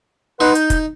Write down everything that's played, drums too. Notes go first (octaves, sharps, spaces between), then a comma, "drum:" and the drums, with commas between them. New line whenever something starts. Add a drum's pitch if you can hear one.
D#4 B4 F#5 C6
G6, drum: hi-hat
drum: kick, hi-hat